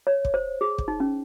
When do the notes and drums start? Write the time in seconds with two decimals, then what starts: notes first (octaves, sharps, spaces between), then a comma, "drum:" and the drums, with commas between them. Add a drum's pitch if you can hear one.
0.07 C#5
0.25 drum: kick
0.34 C5
0.61 G#4
0.78 drum: kick
0.88 D#4
1.00 C#4